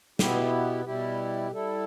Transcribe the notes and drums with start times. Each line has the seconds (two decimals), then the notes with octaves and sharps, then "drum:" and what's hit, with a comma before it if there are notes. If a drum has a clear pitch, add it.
0.19 B2 B3 E4 G4, drum: snare
0.85 B2 G3 E4 G4
1.51 G3 E4 A4